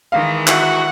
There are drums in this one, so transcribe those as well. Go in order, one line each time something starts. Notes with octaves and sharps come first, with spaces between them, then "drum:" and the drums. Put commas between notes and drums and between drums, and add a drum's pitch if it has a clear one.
D#3 E3 G#3 F5
E4 F#4 F#5, drum: clap